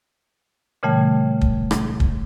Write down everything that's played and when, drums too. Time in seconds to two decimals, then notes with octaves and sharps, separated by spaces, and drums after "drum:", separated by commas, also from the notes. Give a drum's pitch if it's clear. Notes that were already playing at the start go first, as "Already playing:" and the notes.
0.83 A#2 C#3 E3 G3 A3
1.41 drum: kick
1.71 drum: rim click
2.00 drum: kick